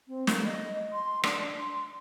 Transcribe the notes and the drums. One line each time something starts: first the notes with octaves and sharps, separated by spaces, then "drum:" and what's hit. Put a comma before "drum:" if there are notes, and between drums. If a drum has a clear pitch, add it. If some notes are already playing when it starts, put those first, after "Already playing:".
C4
A#3, drum: snare
D#5
C6
D4, drum: rim click
C6